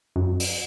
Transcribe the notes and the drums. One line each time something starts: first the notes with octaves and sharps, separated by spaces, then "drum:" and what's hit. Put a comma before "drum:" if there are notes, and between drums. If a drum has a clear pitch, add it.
F#2
drum: open hi-hat